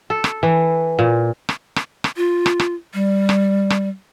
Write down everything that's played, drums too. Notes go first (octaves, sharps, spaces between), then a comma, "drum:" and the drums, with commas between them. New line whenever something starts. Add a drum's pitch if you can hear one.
A4
drum: rim click
E3
A#2
drum: rim click
drum: rim click
drum: rim click
F4
drum: rim click
drum: rim click
G3
drum: rim click
drum: rim click